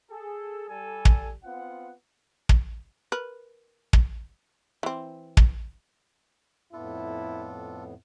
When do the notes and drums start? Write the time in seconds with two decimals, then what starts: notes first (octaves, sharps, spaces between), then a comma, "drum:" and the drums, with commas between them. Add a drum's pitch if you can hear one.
0.11 G#4 A4
0.69 G3 A4 G#5
1.05 drum: kick
1.44 B3 C4 F4 F#5
2.49 drum: kick
3.12 A#4 B4
3.93 drum: kick
4.83 E3 C4
5.37 drum: kick
6.73 F2 A2 B3 D4 E4 F4 A4